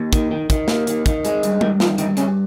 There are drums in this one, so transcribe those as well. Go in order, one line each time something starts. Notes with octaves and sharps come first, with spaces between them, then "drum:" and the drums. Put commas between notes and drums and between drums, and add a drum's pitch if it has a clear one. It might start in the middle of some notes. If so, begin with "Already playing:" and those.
Already playing: D#2
D#3, drum: kick, hi-hat
D#3
D#3, drum: kick, hi-hat
A#3, drum: snare
D#3, drum: hi-hat
D#3, drum: kick, hi-hat
G#3, drum: hi-hat
G2, drum: hi-hat
G2 D#3 D#4, drum: tom G#3
D#3 F3 F4, drum: snare
G2 D#3 D#4, drum: hi-hat
G2 C#3 C#4, drum: hi-hat